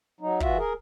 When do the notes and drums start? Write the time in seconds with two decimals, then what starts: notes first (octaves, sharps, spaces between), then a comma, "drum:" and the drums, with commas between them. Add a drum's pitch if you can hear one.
0.21 F#3 D#4
0.40 E3 F4 F#4 E5, drum: kick
0.58 G#4 A#4